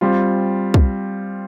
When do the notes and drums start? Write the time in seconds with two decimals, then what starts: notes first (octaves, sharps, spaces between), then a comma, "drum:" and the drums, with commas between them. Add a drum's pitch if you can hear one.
0.01 G3 C4 F4
0.74 drum: kick